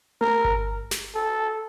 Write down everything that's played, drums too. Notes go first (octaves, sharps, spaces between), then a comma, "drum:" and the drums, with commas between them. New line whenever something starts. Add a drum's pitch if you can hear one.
A#4, drum: tom A3
drum: kick G1
drum: snare
A4